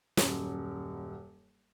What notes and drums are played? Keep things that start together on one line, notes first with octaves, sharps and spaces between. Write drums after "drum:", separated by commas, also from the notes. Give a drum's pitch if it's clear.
D#1 F#2, drum: snare